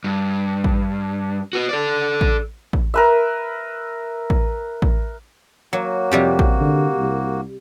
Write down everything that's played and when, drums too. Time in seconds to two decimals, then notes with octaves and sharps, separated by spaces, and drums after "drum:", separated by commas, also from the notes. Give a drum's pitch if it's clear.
0.04 G2
0.64 drum: kick A1
1.53 F#4 B4
1.69 A4 D5
2.21 drum: kick A1
2.73 drum: kick A1
2.94 A#4 B4 E5
4.30 drum: kick A1
4.82 drum: kick A1
5.73 F#3 A#3 F#4
6.12 F2 C3 G3 G4
6.39 drum: kick A1
6.61 D3
6.99 C2